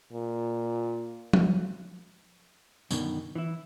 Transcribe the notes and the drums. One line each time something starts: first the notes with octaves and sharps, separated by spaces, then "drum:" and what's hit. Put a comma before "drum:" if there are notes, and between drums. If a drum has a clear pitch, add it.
A#2
drum: tom F3
F#2 B2 D3 D#3, drum: tambourine
E3 E4